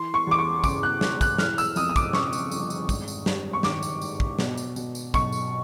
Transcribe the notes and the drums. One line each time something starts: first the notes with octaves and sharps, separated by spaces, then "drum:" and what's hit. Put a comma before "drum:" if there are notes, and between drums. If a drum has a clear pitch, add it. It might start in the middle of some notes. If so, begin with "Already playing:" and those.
Already playing: E3 C6
C#6
E2 D6
C#6
C#3 D6, drum: kick, tambourine
F#6
E1, drum: snare
F#6, drum: kick, tambourine
E3 F6, drum: snare
E6, drum: tambourine
F2 D#6, drum: tambourine
D#6
D6, drum: kick, tambourine
C#3 C#6, drum: snare
drum: tambourine
G1, drum: tambourine
drum: tambourine
G#1, drum: kick, tambourine
drum: tambourine
G2, drum: snare
C#6
D#3 D6, drum: snare
drum: tambourine
G#1, drum: tambourine
drum: kick
B2, drum: snare
drum: tambourine
B2, drum: tambourine
drum: tambourine
B1 C#6, drum: kick, tambourine
drum: tambourine